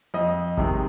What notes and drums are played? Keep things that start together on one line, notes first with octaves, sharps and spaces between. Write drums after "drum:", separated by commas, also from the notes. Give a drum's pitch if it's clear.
F2 D#5
C3 D#3 G#3, drum: kick G#1